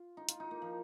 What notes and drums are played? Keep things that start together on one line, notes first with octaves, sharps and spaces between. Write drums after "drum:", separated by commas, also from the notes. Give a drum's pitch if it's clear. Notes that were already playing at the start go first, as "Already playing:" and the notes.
Already playing: F4
D#4
F4, drum: hi-hat
D#4
A#3
F3